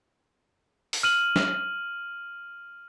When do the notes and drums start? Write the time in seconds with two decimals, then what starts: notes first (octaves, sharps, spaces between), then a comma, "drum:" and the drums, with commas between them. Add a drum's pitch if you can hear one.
0.93 drum: open hi-hat
1.03 F6 D#7 F#7
1.36 drum: snare